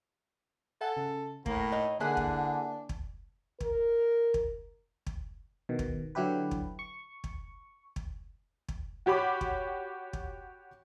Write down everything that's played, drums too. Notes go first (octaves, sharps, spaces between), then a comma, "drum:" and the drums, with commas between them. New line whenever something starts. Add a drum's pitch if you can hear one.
A4 E5 F#5 G#5
C#3
A2 A3 A#3, drum: kick
D#4
D3 A#3 D4 E4 G#4 F#5
drum: kick
drum: kick
A#4, drum: kick
drum: kick
drum: kick
B2 D#3
drum: kick
D3 F#3 E4 G4 B4
drum: kick
C#6
drum: kick
drum: kick
drum: kick
F#4 G4 C#5 B5 D6
drum: kick
drum: kick